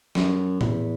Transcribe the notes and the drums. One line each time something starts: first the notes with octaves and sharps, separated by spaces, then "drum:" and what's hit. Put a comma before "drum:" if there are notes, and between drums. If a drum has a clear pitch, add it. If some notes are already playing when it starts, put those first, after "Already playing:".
F#2, drum: snare
E2, drum: tom A2